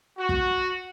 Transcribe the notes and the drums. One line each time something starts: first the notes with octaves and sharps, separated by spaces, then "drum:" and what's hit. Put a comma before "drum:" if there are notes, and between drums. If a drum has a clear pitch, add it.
F#4
drum: kick